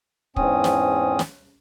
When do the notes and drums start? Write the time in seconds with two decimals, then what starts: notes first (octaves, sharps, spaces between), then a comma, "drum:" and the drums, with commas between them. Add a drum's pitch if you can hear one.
0.36 E2 G#2 C4 C#4 D#6, drum: kick
0.64 drum: snare
1.19 drum: snare